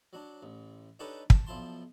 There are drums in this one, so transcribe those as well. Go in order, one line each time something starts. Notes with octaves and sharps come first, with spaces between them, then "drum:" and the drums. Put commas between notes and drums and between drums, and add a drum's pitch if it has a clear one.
F#3 D4
A1
D4 D#4 G4 A4 B4 C#5
A5, drum: kick
B1 F3 E4 A5 C6